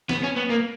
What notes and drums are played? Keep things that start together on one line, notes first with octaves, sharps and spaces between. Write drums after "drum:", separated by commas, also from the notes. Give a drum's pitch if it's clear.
B3, drum: snare
C#4
B3
A#3